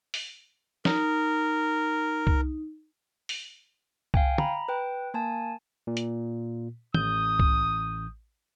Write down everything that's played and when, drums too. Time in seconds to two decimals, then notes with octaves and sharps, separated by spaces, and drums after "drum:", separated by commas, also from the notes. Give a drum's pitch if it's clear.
0.14 drum: open hi-hat
0.85 D#4 A#4, drum: snare
2.27 drum: kick C2
3.29 drum: open hi-hat
4.14 F5 G5 G#5, drum: kick C2
4.38 A#5 B5, drum: tom
4.68 B4 G5
5.14 A#3 G#5 A5
5.87 A#2
5.97 drum: hi-hat
6.94 A1 D#6 G6, drum: tom
7.40 drum: kick C2